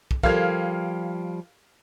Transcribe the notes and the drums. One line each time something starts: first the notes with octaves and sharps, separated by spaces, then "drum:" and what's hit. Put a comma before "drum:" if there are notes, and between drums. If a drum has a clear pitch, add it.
drum: kick
F3 G3 G4 A4 A#4 F5 F6 G#6, drum: kick